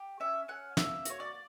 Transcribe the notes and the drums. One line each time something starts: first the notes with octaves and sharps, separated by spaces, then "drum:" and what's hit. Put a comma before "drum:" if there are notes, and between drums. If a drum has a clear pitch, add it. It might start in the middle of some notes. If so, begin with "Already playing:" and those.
Already playing: G4
C#4 E5
C#4 F#5
A#3 E5, drum: snare
F#4 C#5, drum: hi-hat
D5